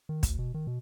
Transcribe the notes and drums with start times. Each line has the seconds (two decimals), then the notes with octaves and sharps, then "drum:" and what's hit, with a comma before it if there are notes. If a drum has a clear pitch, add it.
0.09 D#3
0.23 D2, drum: kick, hi-hat
0.39 B2
0.54 D#3
0.67 B2